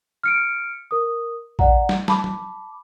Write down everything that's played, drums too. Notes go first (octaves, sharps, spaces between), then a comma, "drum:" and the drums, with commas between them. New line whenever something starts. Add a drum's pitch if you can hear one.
F6 C#7 D7
A#4 D#6
D5 F#5 A#5, drum: kick A#1
drum: snare
A5 B5 D6, drum: snare
drum: tom